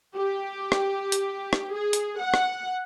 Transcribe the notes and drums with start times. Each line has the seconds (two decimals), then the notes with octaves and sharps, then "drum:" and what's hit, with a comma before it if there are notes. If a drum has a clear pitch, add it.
0.16 G4
0.72 drum: rim click
1.12 drum: hi-hat
1.53 drum: rim click
1.73 G#4
1.93 drum: hi-hat
2.20 F#5
2.34 drum: rim click